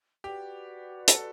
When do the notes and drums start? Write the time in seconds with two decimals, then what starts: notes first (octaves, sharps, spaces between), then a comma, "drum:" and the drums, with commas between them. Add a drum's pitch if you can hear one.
0.24 F#4 G4 B4 D5 F#5
1.08 A4, drum: hi-hat